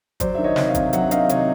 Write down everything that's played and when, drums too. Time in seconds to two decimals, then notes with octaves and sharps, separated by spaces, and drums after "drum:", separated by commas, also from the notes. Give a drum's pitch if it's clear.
0.20 F#3 C5 D5, drum: kick, hi-hat
0.35 D#3 E5
0.44 C#5 D#5
0.56 C3, drum: snare
0.68 D#5 F5
0.75 C3, drum: kick, hi-hat
0.93 F#3 E5 F#5, drum: hi-hat
1.11 D#3 D#5 F5, drum: hi-hat
1.29 C3 C#5 D#5, drum: hi-hat